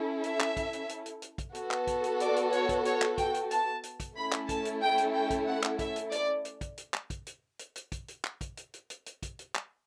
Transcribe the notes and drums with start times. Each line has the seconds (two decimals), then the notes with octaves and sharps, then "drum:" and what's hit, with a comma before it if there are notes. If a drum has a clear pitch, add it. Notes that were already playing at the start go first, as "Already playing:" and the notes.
Already playing: C#4 E4 A4
0.24 E5, drum: hi-hat
0.40 drum: clap
0.57 drum: kick, hi-hat
0.73 drum: hi-hat
0.89 drum: hi-hat
1.06 drum: hi-hat
1.22 drum: hi-hat
1.38 drum: kick, hi-hat
1.55 B3 F#4 A4, drum: hi-hat
1.71 drum: clap
1.87 drum: kick, hi-hat
2.04 drum: hi-hat
2.20 D5, drum: hi-hat
2.36 drum: hi-hat
2.52 C#5, drum: hi-hat
2.69 drum: kick, hi-hat
2.85 C#5, drum: hi-hat
3.02 drum: clap
3.18 G5, drum: kick, hi-hat
3.34 drum: hi-hat
3.51 A5, drum: hi-hat
3.83 drum: hi-hat
4.00 drum: kick, hi-hat
4.16 A3 C#4 E4 A4 B5
4.32 drum: clap
4.49 A5, drum: kick, hi-hat
4.65 drum: hi-hat
4.81 G5
4.98 drum: hi-hat
5.14 G5
5.30 drum: kick, hi-hat
5.47 F#5
5.63 drum: clap
5.79 E5, drum: kick, hi-hat
5.96 drum: hi-hat
6.12 D5, drum: hi-hat
6.45 drum: hi-hat
6.61 drum: kick, hi-hat
6.77 drum: hi-hat
6.94 drum: clap
7.10 drum: kick, hi-hat
7.26 drum: hi-hat
7.59 drum: hi-hat
7.75 drum: hi-hat
7.92 drum: kick, hi-hat
8.08 drum: hi-hat
8.24 drum: clap
8.41 drum: kick, hi-hat
8.57 drum: hi-hat
8.74 drum: hi-hat
8.90 drum: hi-hat
9.06 drum: hi-hat
9.23 drum: kick, hi-hat
9.39 drum: hi-hat
9.55 drum: clap